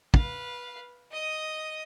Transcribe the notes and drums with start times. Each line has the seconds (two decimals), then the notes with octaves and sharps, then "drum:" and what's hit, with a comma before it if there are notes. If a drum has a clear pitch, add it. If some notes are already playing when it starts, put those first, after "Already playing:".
0.14 B4 F5, drum: kick
1.11 D#5 D#6